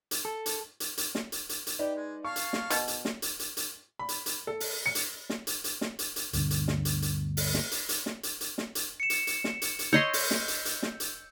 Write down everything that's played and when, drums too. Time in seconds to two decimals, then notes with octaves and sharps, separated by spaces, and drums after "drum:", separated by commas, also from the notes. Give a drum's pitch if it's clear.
0.11 drum: hi-hat
0.25 A4
0.46 drum: hi-hat
0.80 drum: hi-hat
0.97 drum: hi-hat
1.15 drum: snare
1.32 drum: hi-hat
1.49 drum: hi-hat
1.67 drum: hi-hat
1.79 D#4 G4 B4 D5
1.96 G#3
2.24 C#5 F5 A5 C#6
2.36 drum: hi-hat
2.53 drum: snare
2.70 B2, drum: hi-hat
2.88 drum: hi-hat
3.05 drum: snare
3.22 drum: hi-hat
3.39 drum: hi-hat
3.57 drum: hi-hat
3.99 B5
4.09 drum: hi-hat
4.26 drum: hi-hat
4.47 A4
4.60 drum: open hi-hat
4.86 C#7
4.95 drum: hi-hat
5.30 drum: snare
5.47 drum: hi-hat
5.64 drum: hi-hat
5.81 drum: snare
5.99 drum: hi-hat
6.16 drum: hi-hat
6.33 D2 G2 B2 D3, drum: hi-hat
6.50 drum: hi-hat
6.68 drum: snare
6.85 drum: hi-hat
7.02 drum: hi-hat
7.37 drum: open hi-hat
7.54 drum: snare
7.71 drum: hi-hat
7.89 drum: hi-hat
8.06 drum: snare
8.23 drum: hi-hat
8.41 drum: hi-hat
8.58 drum: snare
8.75 drum: hi-hat
9.00 C#7 E7
9.10 drum: hi-hat
9.27 drum: hi-hat
9.44 drum: snare
9.62 drum: hi-hat
9.79 drum: hi-hat
9.93 C#5 D#5 C6 E6 G6
10.13 drum: open hi-hat
10.31 drum: snare
10.48 drum: hi-hat
10.65 drum: hi-hat
10.83 drum: snare
11.00 drum: hi-hat